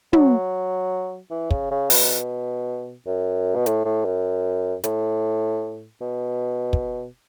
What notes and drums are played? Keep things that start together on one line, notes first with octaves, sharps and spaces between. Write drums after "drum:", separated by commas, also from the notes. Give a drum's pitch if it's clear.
F#3, drum: tom
E3
C#3, drum: kick
C#3
B2, drum: open hi-hat
F#2
B2
A2, drum: hi-hat
A2
F#2
A2, drum: hi-hat
B2
drum: kick